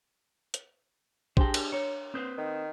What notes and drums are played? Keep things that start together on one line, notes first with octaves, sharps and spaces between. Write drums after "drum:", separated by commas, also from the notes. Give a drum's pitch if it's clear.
drum: hi-hat
D4 G4 G#4 C5 G5 A5, drum: kick
drum: cymbal
C#5 A#5
C4 B4 C5 D#6 G6
D#3